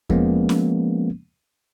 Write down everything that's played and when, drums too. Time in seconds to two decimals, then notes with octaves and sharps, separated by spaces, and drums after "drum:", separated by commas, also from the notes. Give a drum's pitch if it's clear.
0.10 F3 G#3 A#3 B3 C#4, drum: kick E2
0.49 drum: snare C#4